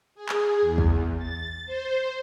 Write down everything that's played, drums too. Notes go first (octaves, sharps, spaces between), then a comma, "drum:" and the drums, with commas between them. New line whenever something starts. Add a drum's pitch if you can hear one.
G#4
drum: clap
E2
drum: kick
A6
C5